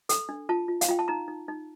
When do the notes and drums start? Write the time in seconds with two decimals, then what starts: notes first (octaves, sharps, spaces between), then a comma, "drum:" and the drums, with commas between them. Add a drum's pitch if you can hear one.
0.09 A4, drum: hi-hat
0.29 D4
0.49 F4 A5
0.68 F4
0.81 F5, drum: hi-hat
0.88 F4 G5
0.99 A5
1.08 D#4 A#5
1.28 D#4
1.48 D#4